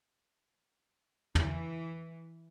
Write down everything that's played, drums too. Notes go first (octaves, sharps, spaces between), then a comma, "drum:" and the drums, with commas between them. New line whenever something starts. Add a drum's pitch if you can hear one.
E3, drum: tom